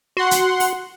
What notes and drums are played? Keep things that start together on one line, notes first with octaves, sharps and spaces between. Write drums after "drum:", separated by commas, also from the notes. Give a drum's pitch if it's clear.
F#4 F#5 C6
drum: hi-hat
drum: open hi-hat